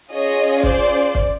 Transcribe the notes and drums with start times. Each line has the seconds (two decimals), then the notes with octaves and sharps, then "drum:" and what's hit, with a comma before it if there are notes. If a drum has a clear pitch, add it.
0.12 C#4 F4 G#4 C#5 D#5
0.63 C5 D5, drum: kick
1.15 drum: kick